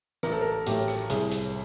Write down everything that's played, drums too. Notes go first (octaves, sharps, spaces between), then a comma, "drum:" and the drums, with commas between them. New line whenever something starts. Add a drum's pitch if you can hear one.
A1 A#4, drum: rim click
A4
A#4
A2 F#3 A3 G4, drum: hi-hat
drum: rim click
C2 G#4, drum: hi-hat
drum: hi-hat